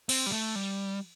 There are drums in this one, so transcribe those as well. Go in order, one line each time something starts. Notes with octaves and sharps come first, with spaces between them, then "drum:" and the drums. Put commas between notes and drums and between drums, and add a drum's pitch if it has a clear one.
C4, drum: cymbal
G3
A3
G3